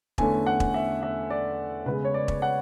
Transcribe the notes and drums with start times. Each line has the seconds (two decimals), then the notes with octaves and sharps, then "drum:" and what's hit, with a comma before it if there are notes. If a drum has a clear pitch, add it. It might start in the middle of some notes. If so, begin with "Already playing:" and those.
0.18 E2 D3 A3 C#4 G#5, drum: kick E1
0.46 F#5
0.60 drum: kick E1
0.74 E5
1.03 E5
1.30 D5
1.86 C#3 G#3 B3 B4
2.05 C#5
2.14 D5
2.28 drum: kick E1
2.42 F#5